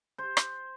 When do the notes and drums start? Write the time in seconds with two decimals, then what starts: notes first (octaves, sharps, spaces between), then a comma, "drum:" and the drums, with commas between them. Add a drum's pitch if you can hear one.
0.18 C5
0.37 drum: rim click